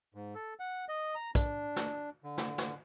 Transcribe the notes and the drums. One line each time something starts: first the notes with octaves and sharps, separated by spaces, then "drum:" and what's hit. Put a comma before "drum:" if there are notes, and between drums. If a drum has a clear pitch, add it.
G#2
A4
F#5
D#5
A#5
D4, drum: kick, hi-hat
drum: snare
D3
drum: snare
drum: snare